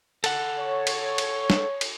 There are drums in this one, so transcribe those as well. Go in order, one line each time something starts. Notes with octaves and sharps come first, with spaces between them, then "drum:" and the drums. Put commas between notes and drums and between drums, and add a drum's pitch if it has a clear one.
A4 F#5, drum: cymbal
C#5
drum: cymbal
drum: cymbal
drum: snare
drum: cymbal